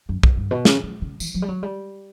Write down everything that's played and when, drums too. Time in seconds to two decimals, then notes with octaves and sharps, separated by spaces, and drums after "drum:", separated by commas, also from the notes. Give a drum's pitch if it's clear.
0.09 F#2
0.23 F#2, drum: kick B1
0.37 G2
0.51 B2
0.65 C#3, drum: snare
0.83 C#3
1.02 C#3
1.20 E3, drum: tambourine
1.34 F#3
1.42 G3
1.48 F#3
1.63 G3